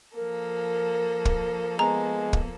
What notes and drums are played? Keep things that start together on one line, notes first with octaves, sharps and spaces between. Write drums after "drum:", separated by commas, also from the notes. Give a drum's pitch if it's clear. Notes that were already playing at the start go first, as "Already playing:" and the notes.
F3 A#3 A4 A#4
drum: kick
G#3 B3 A#5
drum: kick